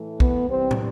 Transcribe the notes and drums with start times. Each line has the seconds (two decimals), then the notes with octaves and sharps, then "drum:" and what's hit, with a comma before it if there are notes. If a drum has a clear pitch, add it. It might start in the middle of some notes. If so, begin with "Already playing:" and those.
Already playing: A2 E3 A3
0.20 B3, drum: kick
0.49 C3 E3 G3 C4
0.71 drum: tom